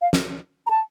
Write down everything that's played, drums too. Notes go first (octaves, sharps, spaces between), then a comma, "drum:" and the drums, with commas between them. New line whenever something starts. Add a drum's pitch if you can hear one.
F5
drum: snare
A#5
A5